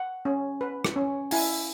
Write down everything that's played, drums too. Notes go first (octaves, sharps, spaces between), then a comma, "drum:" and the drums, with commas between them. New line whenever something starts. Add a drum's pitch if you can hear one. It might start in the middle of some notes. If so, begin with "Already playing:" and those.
Already playing: F#5
C#4
B4
drum: rim click
C#4
E4 G#5, drum: open hi-hat